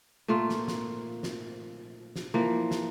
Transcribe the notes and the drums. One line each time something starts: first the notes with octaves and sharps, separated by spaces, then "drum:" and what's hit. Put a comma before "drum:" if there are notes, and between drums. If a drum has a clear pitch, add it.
A#2 A3 A#3 F4
drum: snare
drum: snare
drum: snare
drum: snare
E3 F3 A#3
drum: snare